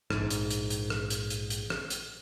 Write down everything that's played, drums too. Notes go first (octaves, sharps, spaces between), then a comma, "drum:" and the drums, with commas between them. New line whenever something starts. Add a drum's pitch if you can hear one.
A#1 G#2, drum: rim click
drum: hi-hat
drum: hi-hat
drum: hi-hat
drum: rim click
drum: hi-hat
drum: hi-hat
drum: hi-hat
drum: rim click
drum: hi-hat